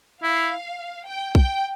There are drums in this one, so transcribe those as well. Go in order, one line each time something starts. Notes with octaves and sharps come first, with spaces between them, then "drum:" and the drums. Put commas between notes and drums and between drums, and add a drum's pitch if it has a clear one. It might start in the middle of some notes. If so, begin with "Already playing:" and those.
E4 F5
G5
G5, drum: kick B1